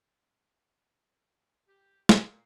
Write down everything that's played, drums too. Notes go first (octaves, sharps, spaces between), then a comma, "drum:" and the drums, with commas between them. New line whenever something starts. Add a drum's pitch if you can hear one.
G4
A#2, drum: snare